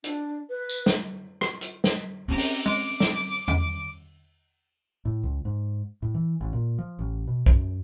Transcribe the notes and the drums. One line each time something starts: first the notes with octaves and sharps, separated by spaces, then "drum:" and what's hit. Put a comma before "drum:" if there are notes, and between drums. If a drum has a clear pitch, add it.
D4, drum: hi-hat
B4
drum: tambourine
drum: snare
drum: rim click
drum: hi-hat
drum: snare
C4 C#4 G4 A#5
drum: open hi-hat
G#3 D6
drum: snare
drum: tom E2
A2
C#2
G#2
A2
E3
A1
A#2
F3
A1
B2
F#2, drum: kick